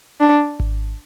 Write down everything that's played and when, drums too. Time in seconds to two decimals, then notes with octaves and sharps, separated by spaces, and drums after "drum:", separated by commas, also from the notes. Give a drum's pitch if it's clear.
0.20 D4
0.60 drum: kick G#1